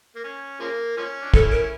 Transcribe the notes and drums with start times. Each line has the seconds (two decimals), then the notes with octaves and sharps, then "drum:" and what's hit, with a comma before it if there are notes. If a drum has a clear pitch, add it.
0.16 A#3
0.24 C#4
0.60 C#3 F3 A#3
0.97 F3 A#3 C#4
1.22 D4
1.34 C#4 E4 A4, drum: kick
1.52 A#4